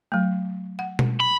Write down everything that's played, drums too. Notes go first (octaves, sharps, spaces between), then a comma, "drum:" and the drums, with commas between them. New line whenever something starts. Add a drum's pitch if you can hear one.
F#3 A3
F#5
drum: tom B2
B5